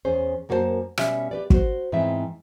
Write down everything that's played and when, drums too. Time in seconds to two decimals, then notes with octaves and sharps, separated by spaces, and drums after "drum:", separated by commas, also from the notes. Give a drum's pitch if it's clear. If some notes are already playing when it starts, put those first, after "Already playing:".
0.05 E2 C#4 G#4 C5
0.49 F#2 A#3 F#4 A4 C5 A5
0.98 B2 G3 C#4 E5, drum: rim click
1.31 G4 B4 D5
1.50 F#4 C5, drum: kick
1.92 G#2 E3 B3 C4 E5